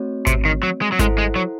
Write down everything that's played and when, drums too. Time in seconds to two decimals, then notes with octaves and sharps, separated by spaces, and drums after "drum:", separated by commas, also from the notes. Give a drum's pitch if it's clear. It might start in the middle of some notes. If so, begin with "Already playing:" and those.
Already playing: A3 C4 F#4 C#5
0.27 C3, drum: kick G#1, hi-hat
0.45 D#3
0.63 F#3
0.82 G#3
0.92 F#3
0.99 G#3 E4 A4 C5 F#5, drum: kick G#1, hi-hat
1.18 G#3
1.36 F#3